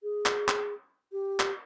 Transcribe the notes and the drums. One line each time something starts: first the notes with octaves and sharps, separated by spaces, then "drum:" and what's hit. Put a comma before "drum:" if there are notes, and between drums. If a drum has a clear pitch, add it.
G#4
drum: clap
drum: clap
G4
drum: clap